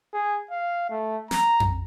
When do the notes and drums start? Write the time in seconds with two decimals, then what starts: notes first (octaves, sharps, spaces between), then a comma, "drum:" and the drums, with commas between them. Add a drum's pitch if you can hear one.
0.14 G#4
0.50 F5
0.90 A3
1.31 A#5, drum: snare
1.60 drum: tom F2